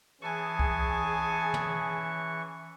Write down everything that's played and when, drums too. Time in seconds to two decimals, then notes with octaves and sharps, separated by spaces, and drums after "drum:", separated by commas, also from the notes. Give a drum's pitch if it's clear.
0.22 E3 C#4 G#4 G#5 A5 C#6
0.59 drum: kick C2
1.54 drum: tom